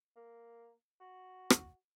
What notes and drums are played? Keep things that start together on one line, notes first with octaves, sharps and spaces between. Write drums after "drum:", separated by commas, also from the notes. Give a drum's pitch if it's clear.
A#3
F#4
drum: rim click